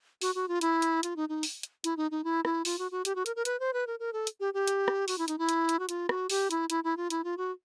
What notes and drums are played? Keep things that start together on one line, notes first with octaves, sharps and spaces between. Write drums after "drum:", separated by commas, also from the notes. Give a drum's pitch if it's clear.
F#4, drum: open hi-hat
F#4
F4
E4, drum: hi-hat
drum: hi-hat
F4, drum: hi-hat
D#4
D#4
drum: open hi-hat
drum: hi-hat
E4, drum: hi-hat
D#4
D#4
E4
E4, drum: rim click
F4, drum: open hi-hat
F#4
F#4
G4, drum: hi-hat
F#4
A#4, drum: hi-hat
A#4
B4, drum: hi-hat
C5
B4
A#4
A#4
A4
drum: hi-hat
G4
G4
drum: hi-hat
drum: rim click
F#4, drum: open hi-hat
E4
D#4, drum: hi-hat
E4
drum: hi-hat
drum: hi-hat
F#4
F4, drum: hi-hat
F#4, drum: rim click
G4, drum: open hi-hat
E4, drum: hi-hat
E4, drum: hi-hat
E4
F4
E4, drum: hi-hat
F4
F#4